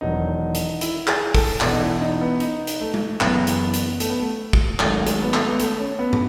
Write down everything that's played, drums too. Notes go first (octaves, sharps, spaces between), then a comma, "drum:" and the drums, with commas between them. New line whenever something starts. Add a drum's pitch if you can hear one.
E1 E2 D#3 F#3 D#4
drum: hi-hat
E4, drum: hi-hat
G#4, drum: clap
A4, drum: kick, open hi-hat
E1 E2 B2 A4, drum: clap
D#4
E4
D#4
B3
D#4, drum: hi-hat
drum: hi-hat
A3
drum: tom G#3
F#1 F#2 C#3 E3 B3, drum: clap
drum: hi-hat
drum: hi-hat
A3, drum: hi-hat
B3
A3
drum: kick
G#1 G#2 D#3 F#3 A3, drum: clap
G#3, drum: hi-hat
B3
A3, drum: clap
B3
A3, drum: hi-hat
C#4
B3
drum: tom